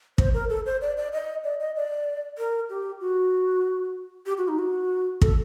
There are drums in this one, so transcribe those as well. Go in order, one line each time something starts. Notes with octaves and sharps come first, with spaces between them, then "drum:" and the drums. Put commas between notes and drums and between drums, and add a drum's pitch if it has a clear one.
C5, drum: kick
A#4
A4
C5
D5
D5
D#5
D5
D#5
D5
A#4
G4
F#4
G4
F#4
D#4
F#4
A4, drum: kick